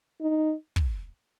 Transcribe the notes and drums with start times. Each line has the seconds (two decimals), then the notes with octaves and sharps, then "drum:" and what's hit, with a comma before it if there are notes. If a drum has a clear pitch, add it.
0.21 D#4
0.76 drum: kick